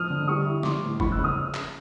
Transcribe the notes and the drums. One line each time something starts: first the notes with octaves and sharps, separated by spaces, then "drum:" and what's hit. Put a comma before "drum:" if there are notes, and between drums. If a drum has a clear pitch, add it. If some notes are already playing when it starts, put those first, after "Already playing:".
Already playing: F3 D#6 F6
D3
G3 C#6 D#6
E4
F3 C6 D6, drum: snare
A2
F3 B5 C#6, drum: kick
E6 F#6
C#3
D#6 F6
drum: clap